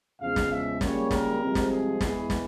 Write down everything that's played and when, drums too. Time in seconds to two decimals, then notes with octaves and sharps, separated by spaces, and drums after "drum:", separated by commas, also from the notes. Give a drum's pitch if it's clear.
0.21 E2 C#3 F3 G#3 F5
0.36 drum: snare
0.52 E5
0.81 C#2 C#3 G3 A#3 C#5, drum: snare
1.11 A#4, drum: snare
1.41 C2 C3 F3 G#3
1.55 drum: snare
1.70 G#4
2.01 E2 E3 G#3, drum: snare
2.30 drum: snare